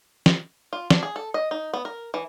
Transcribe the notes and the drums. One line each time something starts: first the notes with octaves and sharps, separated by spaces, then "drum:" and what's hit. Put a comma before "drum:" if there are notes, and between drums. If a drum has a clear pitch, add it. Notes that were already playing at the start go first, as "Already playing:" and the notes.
drum: snare
F4
D4, drum: snare
G#4
A4
D#5
D#4
B3
A#4
E3